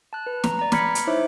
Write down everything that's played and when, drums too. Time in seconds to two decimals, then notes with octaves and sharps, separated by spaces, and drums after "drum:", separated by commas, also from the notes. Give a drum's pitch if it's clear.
0.13 A5 F#6
0.26 B4
0.44 A#5, drum: snare
0.59 D5 A#5
0.72 B5 D6 F6 G#6 B6 C#7, drum: snare
0.95 drum: hi-hat
1.07 D#4 E4 C5 C#5 E5 D6